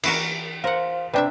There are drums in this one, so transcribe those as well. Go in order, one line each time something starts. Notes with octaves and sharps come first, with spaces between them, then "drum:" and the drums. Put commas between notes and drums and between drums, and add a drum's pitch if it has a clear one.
E3 F#4 A#4, drum: cymbal
A#4 C5 F5 F#5
C3 D4 B4 D5 E5 G5